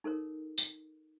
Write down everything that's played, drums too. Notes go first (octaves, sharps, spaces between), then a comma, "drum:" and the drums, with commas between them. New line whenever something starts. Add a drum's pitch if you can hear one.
D#4 A4 A#4 C#5
drum: tambourine